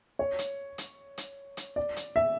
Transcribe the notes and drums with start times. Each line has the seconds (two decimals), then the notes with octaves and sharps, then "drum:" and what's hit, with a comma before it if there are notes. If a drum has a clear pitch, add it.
0.19 C#5
0.39 drum: hi-hat
0.78 drum: hi-hat
1.18 drum: hi-hat
1.57 drum: hi-hat
1.76 D5
1.97 drum: hi-hat
2.16 E5